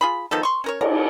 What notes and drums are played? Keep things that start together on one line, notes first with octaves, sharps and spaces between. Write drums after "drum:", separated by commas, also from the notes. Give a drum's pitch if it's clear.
F4 G#4 B5
D#3 F3 B3 A4
C6 C#6
C#4 A#4 C#5
A#4, drum: cymbal